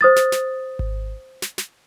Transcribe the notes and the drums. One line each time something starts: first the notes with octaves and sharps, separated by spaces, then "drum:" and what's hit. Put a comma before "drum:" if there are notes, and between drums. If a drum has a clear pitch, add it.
C5 D#6 A6
drum: snare
drum: snare
drum: kick G#1
drum: snare
drum: snare